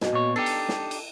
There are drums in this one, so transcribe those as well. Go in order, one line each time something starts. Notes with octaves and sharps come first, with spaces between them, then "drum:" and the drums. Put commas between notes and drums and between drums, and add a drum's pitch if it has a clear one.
F#2 B2, drum: snare
A#2 C#5
D4 D#4 G4 A4
drum: cymbal
drum: snare
drum: cymbal